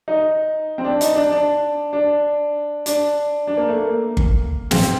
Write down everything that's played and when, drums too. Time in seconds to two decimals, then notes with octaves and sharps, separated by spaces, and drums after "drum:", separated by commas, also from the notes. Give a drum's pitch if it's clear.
0.08 D#4
0.78 C4
0.84 D4
1.01 D#4, drum: hi-hat
1.15 D4
1.31 D4
1.93 D4
2.86 D4, drum: hi-hat
3.47 D4
3.57 A#3
3.68 A3
3.78 A#3
4.17 drum: kick G1
4.71 C4, drum: snare